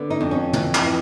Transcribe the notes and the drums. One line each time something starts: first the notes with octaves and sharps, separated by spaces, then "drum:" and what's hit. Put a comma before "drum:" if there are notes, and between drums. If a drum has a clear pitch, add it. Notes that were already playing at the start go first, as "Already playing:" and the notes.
Already playing: D3 B3
D#4
F2
C#4
E3, drum: tom
drum: clap
E3